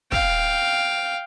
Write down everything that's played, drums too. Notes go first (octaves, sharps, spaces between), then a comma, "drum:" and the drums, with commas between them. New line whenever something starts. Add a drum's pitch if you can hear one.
F5 G5, drum: kick